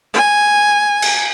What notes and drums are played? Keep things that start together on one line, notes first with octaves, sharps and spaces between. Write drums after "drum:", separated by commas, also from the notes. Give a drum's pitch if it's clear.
G#5
drum: cymbal